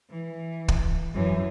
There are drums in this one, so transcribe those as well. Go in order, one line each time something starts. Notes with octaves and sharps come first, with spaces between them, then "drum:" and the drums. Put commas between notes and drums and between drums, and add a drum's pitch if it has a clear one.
E3
drum: kick
F#2 E3